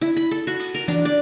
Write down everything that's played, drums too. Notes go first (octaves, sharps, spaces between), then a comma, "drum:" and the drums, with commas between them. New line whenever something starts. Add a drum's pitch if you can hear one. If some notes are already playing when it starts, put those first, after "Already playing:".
E4
B5
A4
F#4
drum: cymbal
A#4
D4, drum: tom E3
D5